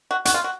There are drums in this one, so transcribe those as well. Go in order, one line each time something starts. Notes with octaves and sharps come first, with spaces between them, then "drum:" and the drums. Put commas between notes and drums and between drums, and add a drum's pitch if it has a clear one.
F#4
F#4, drum: hi-hat
F4
F#4